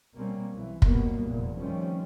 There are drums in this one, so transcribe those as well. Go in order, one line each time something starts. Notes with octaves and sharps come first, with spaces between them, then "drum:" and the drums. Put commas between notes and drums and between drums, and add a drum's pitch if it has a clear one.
B2 G3 A#3 C4 C#4
B1 E3
C2 B2 F#3 G3 A#3 B3, drum: kick
F1 E2 A#2 E3
D#3 F3 G3 A3 C4 C#4